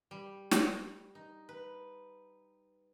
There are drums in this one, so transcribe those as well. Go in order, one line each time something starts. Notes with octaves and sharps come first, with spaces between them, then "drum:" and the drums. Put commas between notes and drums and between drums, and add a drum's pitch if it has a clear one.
G3
drum: snare
D#4
B4